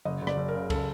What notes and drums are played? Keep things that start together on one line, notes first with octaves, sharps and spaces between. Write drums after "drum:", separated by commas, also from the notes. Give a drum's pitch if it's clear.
F#1 D#5
F#1
D5, drum: rim click
F#1
A#4
C#3
C#3 A4, drum: kick C#2, cymbal